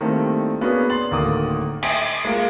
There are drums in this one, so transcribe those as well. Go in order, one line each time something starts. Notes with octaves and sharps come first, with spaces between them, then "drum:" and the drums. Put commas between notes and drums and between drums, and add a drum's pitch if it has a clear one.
D#3 G3 A3 A#3 C4 E4
A#3 B3 C#4 D4 F#4 G#4
C6 A6 F#7
D1 D2 D#3 A#3 D6 D#6
E5 G5 G#5, drum: cymbal
G#3 A#3 F4